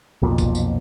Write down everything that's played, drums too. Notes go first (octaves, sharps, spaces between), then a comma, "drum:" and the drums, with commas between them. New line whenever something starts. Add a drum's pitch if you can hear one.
B1 F2 A#2
drum: kick, tambourine
drum: tambourine